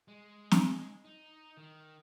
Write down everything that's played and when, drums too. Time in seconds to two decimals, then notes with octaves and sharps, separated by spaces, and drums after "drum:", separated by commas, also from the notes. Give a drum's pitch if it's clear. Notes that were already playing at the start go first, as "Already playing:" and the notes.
0.08 G#3
0.51 drum: snare
1.05 D#4
1.57 D#3